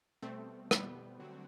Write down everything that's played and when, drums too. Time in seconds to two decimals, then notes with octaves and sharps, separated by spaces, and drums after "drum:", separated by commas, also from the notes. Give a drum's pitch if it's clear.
0.22 B2 G3 A3 B3 C4
0.71 G3 B3, drum: rim click
1.20 D3 F#3 C4 F#4